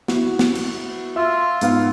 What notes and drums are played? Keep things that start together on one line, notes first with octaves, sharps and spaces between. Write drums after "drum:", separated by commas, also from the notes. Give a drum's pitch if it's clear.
B3 E4 F#4, drum: snare
drum: snare
drum: cymbal
F4 E5 E6
G#2 B3 F5, drum: hi-hat